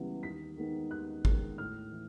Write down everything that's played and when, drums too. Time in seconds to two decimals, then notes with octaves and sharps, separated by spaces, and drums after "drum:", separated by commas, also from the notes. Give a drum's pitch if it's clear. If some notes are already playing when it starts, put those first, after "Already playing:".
Already playing: C#2 E3 G3 B3
0.23 D#2 B6
0.57 D#3 G#3 B3 D#4
0.91 D#2 F#6
1.25 D#3 G#3 B3 D#4, drum: kick
1.58 A2 F6
1.92 E3